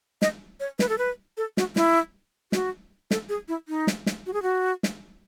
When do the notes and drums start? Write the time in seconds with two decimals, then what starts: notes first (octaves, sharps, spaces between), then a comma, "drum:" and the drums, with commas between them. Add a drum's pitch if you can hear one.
0.22 D#5, drum: snare
0.60 C#5
0.79 B4, drum: snare
0.89 A4
0.98 B4
1.37 A4
1.57 F#4, drum: snare
1.76 E4, drum: snare
2.52 F#4, drum: snare
3.11 A4, drum: snare
3.29 G#4
3.48 E4
3.68 D#4
3.87 drum: snare
4.06 drum: snare
4.26 F#4
4.33 G#4
4.42 F#4
4.83 drum: snare